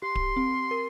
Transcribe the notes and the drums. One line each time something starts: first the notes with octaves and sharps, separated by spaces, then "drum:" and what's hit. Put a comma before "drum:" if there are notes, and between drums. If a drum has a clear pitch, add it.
G4 C6
drum: kick D1
C4
A#4